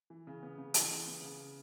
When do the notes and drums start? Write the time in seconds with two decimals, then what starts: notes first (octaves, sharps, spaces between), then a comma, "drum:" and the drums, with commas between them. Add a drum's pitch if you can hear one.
0.10 E3
0.27 C#3
0.43 B3
0.58 C#3
0.74 E3, drum: hi-hat
0.91 C#3
1.07 B3
1.22 C#3